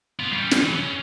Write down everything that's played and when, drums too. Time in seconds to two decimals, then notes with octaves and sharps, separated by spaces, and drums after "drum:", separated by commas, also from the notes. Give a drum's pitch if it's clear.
0.19 B3 F4
0.31 G3 C#4
0.51 drum: snare
0.63 E3 F#3
0.76 E2 C#4